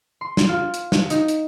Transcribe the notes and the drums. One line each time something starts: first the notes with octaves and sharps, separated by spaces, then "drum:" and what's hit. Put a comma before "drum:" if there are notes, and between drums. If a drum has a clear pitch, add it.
C6
drum: snare
F4
drum: hi-hat
drum: snare
D#4, drum: hi-hat
drum: hi-hat